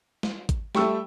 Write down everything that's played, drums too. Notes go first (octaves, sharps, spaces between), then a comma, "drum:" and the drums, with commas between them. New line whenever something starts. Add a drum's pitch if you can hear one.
drum: snare
drum: kick G#1, hi-hat
G3 A3 G5 C#6 E6, drum: snare